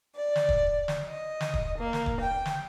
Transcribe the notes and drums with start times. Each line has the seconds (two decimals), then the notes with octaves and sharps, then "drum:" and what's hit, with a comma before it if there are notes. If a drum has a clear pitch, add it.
0.15 D5
0.36 drum: snare
0.49 drum: kick
0.88 drum: snare
1.07 D#5
1.40 drum: snare
1.54 drum: kick
1.78 A#3
1.93 drum: snare
2.06 drum: kick
2.19 G5
2.45 drum: snare